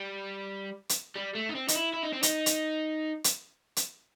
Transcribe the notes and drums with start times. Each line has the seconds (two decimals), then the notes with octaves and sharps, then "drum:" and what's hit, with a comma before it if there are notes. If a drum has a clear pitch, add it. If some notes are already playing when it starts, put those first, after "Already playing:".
Already playing: G3
0.89 drum: hi-hat
1.16 G3
1.35 A3
1.49 D#4
1.55 C4
1.68 D#4, drum: hi-hat
1.75 E4
1.94 E4
2.03 D#4
2.13 C4
2.23 D#4, drum: hi-hat
2.46 drum: hi-hat
3.24 drum: hi-hat
3.76 drum: hi-hat